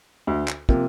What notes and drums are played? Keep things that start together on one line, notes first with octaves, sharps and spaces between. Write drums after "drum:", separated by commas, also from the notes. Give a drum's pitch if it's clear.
D2
drum: clap
C3 F3 A#3, drum: kick